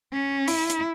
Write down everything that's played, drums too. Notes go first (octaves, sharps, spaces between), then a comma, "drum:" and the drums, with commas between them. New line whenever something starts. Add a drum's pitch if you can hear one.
C#4
E4, drum: open hi-hat
drum: hi-hat